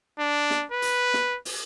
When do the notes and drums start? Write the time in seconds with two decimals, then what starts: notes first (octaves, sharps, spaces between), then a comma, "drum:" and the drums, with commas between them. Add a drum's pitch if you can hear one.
0.19 D4
0.50 drum: snare
0.71 B4
0.82 drum: hi-hat
1.14 drum: snare
1.45 drum: open hi-hat